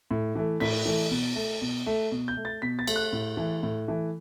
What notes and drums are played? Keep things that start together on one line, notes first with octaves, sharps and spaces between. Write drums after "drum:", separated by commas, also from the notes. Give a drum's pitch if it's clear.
A2
E3 A3
A2 B6, drum: cymbal
E3 A3
B2
A3
B2
A3
B2
G6
A3
A6
B2 B6
A6
A3, drum: cymbal
F#6
A2
E3 A3
A2
E3 A3